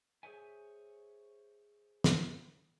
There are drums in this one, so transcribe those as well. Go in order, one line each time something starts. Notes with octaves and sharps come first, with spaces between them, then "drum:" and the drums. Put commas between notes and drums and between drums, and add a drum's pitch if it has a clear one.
G#4 A4 C5 C#5 E5 G#5
drum: snare